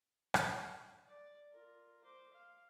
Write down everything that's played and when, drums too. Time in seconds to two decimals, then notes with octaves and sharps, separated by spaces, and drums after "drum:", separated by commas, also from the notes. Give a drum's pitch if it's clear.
0.34 drum: rim click
1.07 D5
1.52 F4 A#4
2.03 C5 D6
2.33 F5